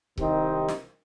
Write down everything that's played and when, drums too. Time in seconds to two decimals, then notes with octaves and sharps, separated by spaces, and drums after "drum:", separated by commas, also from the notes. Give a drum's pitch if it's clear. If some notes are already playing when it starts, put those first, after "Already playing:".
0.17 C2 C3 D#3 C4 D#4, drum: kick C#1
0.68 drum: snare